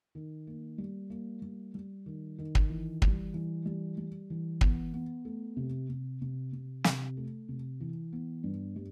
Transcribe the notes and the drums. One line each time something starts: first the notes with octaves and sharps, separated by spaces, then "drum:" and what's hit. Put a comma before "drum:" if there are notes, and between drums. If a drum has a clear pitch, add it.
D#3
A#3
G3
A#3
G3
G3
D#3
D#3
drum: kick
E3
G3, drum: kick
E3
G3
G3
E3
B3, drum: kick
B3
A3
C3
C3
C3
C3
C3, drum: snare
A3
C3
E3
B3
G2
G3